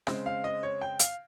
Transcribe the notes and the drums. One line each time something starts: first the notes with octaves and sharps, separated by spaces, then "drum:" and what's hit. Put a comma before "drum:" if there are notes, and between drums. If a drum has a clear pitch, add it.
C#3 G#3 C4, drum: rim click
F5
D#5
C#5
G5
F5, drum: hi-hat